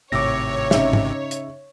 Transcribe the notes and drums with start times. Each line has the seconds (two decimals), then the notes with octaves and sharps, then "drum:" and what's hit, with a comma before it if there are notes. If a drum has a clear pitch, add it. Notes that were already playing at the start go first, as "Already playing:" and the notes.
0.12 G#1 A2 C3 C#5 D6 E6 A#6
0.71 C#3 D#4 E5, drum: snare
0.93 drum: tom G#2
1.31 drum: hi-hat